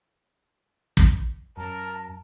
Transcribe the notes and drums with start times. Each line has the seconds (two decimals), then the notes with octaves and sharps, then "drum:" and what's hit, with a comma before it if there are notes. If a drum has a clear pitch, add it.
0.97 drum: kick
1.57 F#2 A#4 A5